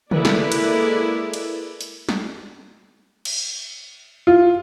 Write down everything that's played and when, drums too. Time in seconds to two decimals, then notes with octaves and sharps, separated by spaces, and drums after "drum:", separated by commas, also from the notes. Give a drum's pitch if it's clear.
0.11 G#3 A#3 E4 A4 B4 D5, drum: tom
0.25 drum: snare
0.52 drum: cymbal
1.33 drum: cymbal
1.81 drum: hi-hat
2.09 drum: snare
3.25 drum: cymbal
4.27 F4